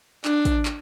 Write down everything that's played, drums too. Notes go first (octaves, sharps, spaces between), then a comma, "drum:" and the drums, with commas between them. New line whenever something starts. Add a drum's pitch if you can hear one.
D4, drum: clap
drum: kick, hi-hat
drum: clap